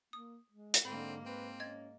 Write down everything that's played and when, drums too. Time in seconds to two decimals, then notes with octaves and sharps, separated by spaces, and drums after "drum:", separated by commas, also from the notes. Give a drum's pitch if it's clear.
0.13 A#3 D#6
0.51 G#3
0.74 drum: hi-hat
0.85 G#2 D3 A#3 C4 B5
1.26 C4 B4
1.60 C#4 D#5 G#6 A6